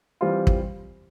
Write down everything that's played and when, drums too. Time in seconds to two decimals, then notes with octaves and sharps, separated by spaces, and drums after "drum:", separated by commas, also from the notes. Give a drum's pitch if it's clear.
0.21 E3 G3 C4 F4
0.47 drum: kick